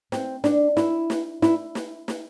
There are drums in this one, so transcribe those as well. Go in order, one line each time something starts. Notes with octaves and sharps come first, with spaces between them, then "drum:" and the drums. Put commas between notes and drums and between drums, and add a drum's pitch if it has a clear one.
C4, drum: snare
D4, drum: snare
E4, drum: snare
drum: snare
E4, drum: snare
drum: snare
drum: snare